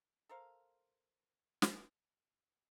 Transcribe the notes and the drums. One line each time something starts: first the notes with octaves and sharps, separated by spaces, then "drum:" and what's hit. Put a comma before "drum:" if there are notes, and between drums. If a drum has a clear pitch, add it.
A4 A#4 C5 F5
drum: snare